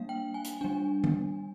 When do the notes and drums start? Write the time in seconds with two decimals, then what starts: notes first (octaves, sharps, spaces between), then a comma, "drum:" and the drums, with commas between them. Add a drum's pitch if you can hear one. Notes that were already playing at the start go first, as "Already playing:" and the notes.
Already playing: G3 A#3 D4 F5
0.09 G5
0.34 G#5
0.44 drum: hi-hat
0.61 G3 D4 G#5
1.04 drum: tom